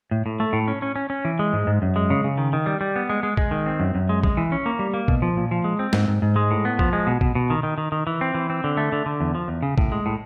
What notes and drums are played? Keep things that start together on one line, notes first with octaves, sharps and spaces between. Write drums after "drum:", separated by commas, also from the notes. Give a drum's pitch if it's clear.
A2
A2
A3
A2
C#4
C#4
C#4
C#4
E3
G#3
G#2
G#2
F#2
G#3
C#3
C#3
D#3
D#3
G3
G3
B3
G#3
G#3
G#3, drum: kick A#1
D#3
C4
F#2
F#2
G#3
G#3, drum: kick A#1
E3
C#4
A#3
G3
A#3
B2, drum: kick A#1
F3
A#2
F3
G#3
C4
G#2, drum: snare
G#2
G#2
G#3
A2
B3
F3, drum: kick A#1
G#3
B2
B2, drum: kick A#1
B2
D#3
D#3
D#3
D#3
E3
C4
E3
C4
D3
A3
D3
D3
E2
F3
E2
C#3
A2, drum: kick A#1
G#3
A2